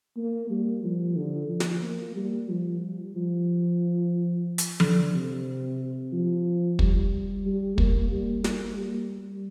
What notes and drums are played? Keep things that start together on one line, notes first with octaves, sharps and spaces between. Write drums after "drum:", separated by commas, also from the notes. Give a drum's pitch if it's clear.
A#3
G3
F3
D3
F3
drum: snare
A#3
G3
F3
G3
F3
drum: hi-hat
D3, drum: tom F3
C3
F3
G3, drum: kick
G3
A#3, drum: kick
G3
A#3, drum: snare
G3